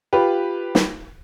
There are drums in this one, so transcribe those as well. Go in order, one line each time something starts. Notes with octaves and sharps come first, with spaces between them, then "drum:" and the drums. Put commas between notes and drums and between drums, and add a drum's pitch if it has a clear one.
F4 G4 B4
drum: snare